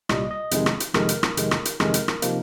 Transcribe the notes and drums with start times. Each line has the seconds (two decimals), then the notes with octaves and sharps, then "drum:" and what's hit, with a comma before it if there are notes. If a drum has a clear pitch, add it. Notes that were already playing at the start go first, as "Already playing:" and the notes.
0.09 C2 A#2 G3 D#5, drum: rim click
0.31 D#5
0.51 F2 C3 D#3 G#3, drum: hi-hat
0.66 drum: rim click
0.80 drum: hi-hat
0.94 F2 C3 D#3 G#3 A#4, drum: rim click
1.09 drum: hi-hat
1.23 drum: rim click
1.37 F2 C3 D#3 G#3, drum: hi-hat
1.51 drum: rim click
1.65 drum: hi-hat
1.80 F2 C3 D#3 G#3 A#4, drum: rim click
1.94 drum: hi-hat
2.08 drum: rim click
2.22 C3 F3 A#3 D#4, drum: hi-hat